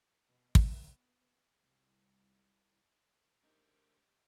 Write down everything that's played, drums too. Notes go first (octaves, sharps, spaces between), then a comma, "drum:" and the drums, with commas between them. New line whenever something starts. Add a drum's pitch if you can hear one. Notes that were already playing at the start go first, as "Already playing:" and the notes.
B2
drum: kick
B3
C2
A3 D4 D#4 G4 A#4 C5